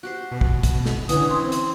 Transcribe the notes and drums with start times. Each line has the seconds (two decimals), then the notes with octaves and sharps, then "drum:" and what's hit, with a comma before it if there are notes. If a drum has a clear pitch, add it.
0.03 F#4 G4 C5
0.32 B2
0.41 drum: kick
0.63 drum: kick, hi-hat
0.86 drum: snare
1.09 D3 E3 C#4 D#6, drum: hi-hat
1.30 C4 C6
1.52 drum: hi-hat